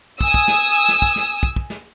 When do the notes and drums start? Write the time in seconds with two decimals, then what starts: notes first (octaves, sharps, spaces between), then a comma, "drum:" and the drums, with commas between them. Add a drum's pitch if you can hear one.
0.21 G#5 D#6 E6, drum: kick
0.34 drum: kick
0.48 drum: snare
0.89 drum: snare
1.02 drum: kick
1.16 drum: snare
1.43 drum: kick
1.56 drum: kick
1.70 drum: snare